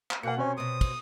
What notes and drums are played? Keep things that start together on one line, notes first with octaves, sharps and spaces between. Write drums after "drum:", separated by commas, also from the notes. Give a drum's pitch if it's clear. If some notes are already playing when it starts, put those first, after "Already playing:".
drum: clap
B2 A#3 F#5 F#6 C#7
C3 C#4 C5 C#5
B2 C4 D#6
drum: kick, cymbal